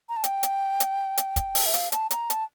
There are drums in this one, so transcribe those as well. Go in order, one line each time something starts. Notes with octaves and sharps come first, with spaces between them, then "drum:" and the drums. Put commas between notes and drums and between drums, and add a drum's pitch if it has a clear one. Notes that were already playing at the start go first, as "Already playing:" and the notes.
A#5
A5
G5, drum: hi-hat
drum: hi-hat
drum: hi-hat
drum: hi-hat
drum: kick, hi-hat
drum: open hi-hat
E5
F5, drum: hi-hat
A5, drum: hi-hat
A#5, drum: hi-hat
A5, drum: hi-hat